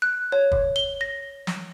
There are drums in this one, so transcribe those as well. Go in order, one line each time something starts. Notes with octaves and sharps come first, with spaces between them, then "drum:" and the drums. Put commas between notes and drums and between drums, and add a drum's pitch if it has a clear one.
F#6
C#5
drum: kick
G7
A#6
drum: snare